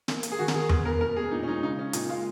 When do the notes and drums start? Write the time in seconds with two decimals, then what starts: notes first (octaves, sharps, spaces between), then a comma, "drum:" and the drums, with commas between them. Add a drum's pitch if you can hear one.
0.08 A#3, drum: snare
0.23 A#3, drum: hi-hat
0.32 G#4
0.39 D#3 F#4
0.48 A#4, drum: snare
0.54 D#3 G#4
0.69 B3 G#4, drum: tom E2
0.85 B3 A#4
1.01 B2 A#4
1.16 B2 G#4
1.31 A#2 D#4
1.43 C#4
1.48 G#3 D#4
1.63 C#3 D#4
1.79 C#3 C#4
1.93 A#2 D#4, drum: hi-hat
2.09 G#3 F4